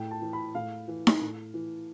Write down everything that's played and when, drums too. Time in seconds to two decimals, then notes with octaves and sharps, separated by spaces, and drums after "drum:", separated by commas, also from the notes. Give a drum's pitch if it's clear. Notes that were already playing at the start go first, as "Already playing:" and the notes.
Already playing: A2 G5
0.11 A5
0.22 E3
0.33 B5
0.55 A2 F5
0.88 E3
1.07 drum: snare D#4
1.21 A2
1.54 E3